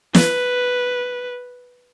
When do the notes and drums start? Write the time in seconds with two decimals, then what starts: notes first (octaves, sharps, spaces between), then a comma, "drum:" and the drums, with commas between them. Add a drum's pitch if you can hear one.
0.15 B4, drum: snare